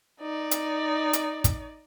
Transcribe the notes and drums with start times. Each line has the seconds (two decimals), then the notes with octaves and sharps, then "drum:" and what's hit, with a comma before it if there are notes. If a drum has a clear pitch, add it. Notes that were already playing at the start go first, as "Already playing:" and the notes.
0.20 D#4 D5
0.51 drum: hi-hat
1.13 drum: hi-hat
1.44 drum: kick, hi-hat